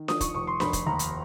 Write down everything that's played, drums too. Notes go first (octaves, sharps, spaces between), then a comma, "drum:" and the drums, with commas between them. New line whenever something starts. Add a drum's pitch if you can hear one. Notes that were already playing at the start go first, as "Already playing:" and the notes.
Already playing: D#3
F3 D#6, drum: snare D4
C#6, drum: kick, hi-hat
F1 C#6
C6
F1 B5, drum: snare D4
drum: kick, hi-hat
D#2 A#5
drum: hi-hat